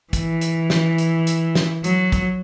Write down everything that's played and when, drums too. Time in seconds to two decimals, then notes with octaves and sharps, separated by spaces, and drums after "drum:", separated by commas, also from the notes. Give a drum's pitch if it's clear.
0.13 E3, drum: kick, hi-hat
0.41 drum: hi-hat
0.70 drum: snare
0.98 drum: hi-hat
1.27 drum: hi-hat
1.55 drum: snare
1.84 F#3, drum: hi-hat
2.12 drum: kick, hi-hat